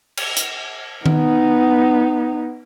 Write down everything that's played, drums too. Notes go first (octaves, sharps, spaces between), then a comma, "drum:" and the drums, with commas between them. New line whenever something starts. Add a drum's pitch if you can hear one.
drum: cymbal
drum: hi-hat
B3 D#4, drum: tom D#3